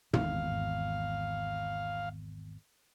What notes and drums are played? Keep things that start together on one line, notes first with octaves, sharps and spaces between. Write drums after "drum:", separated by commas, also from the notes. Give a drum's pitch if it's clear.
G#1 E2 F5, drum: tom